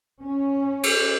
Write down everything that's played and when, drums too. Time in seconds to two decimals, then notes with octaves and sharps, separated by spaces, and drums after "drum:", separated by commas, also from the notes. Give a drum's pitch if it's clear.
0.21 C#4
0.83 drum: cymbal